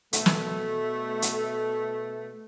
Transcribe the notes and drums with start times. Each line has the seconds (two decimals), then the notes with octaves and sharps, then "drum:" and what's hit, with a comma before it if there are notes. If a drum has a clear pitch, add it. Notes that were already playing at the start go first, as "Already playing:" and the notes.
0.13 B2 A3, drum: hi-hat
0.26 drum: snare
1.22 drum: hi-hat